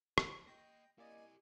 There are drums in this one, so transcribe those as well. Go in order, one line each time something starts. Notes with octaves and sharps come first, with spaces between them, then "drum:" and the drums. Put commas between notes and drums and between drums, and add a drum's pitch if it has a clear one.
E2 C5, drum: rim click
A#3 D#5 G5 A#6
A#3 E4 G4 D5 D#5 G#5